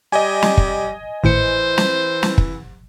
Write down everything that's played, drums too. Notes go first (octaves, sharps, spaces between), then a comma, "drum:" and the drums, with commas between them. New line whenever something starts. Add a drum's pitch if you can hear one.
G3 D#5 G#5
drum: snare
drum: kick
G#1 A2 E3 C5 C#7
drum: snare
drum: snare
drum: kick